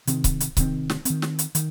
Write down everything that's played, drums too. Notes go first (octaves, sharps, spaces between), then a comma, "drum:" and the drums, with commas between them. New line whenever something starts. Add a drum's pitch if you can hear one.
C3 D#3 C4, drum: hi-hat
drum: kick C#1, hi-hat
drum: hi-hat
C3 D#3 C4, drum: kick C#1, hi-hat
drum: snare
D#3 C4, drum: hi-hat
drum: snare
drum: hi-hat
D#3, drum: hi-hat